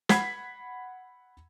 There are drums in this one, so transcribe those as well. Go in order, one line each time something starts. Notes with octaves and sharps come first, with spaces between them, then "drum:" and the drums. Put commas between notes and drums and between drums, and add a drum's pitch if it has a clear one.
F#5 B5 G#6 B6 C7, drum: snare